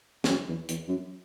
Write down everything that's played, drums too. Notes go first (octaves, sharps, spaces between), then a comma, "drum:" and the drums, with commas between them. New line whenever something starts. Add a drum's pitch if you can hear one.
E2, drum: snare
F#2
E2
E2, drum: hi-hat
F#2